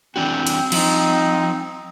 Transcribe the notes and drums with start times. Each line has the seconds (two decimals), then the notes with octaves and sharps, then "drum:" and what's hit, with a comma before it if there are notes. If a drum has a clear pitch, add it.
0.16 E3 C4 D4 F#4 G5
0.47 drum: cymbal
0.72 F3 D#4, drum: cymbal